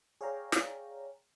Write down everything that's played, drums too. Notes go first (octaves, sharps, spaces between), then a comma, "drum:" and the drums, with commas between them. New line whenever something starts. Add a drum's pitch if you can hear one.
G#4 C#5 D5 F5 G5 A#5
drum: snare